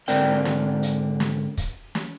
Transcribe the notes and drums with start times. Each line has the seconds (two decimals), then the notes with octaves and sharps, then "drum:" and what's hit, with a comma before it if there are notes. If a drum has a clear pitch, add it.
0.08 G#2 D3 C4 A#4 D5 G5, drum: hi-hat
0.45 drum: snare
0.83 drum: hi-hat
1.20 drum: snare
1.58 drum: kick, hi-hat
1.95 drum: snare